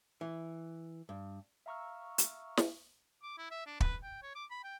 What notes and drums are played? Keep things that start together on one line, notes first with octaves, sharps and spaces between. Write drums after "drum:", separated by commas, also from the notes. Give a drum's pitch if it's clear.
E3
G2
E5 F5 A#5 C#6 E6 F6
drum: hi-hat
drum: snare
D6
E4
E5
D4
B4, drum: kick
G5
C#5
D6
B5
G5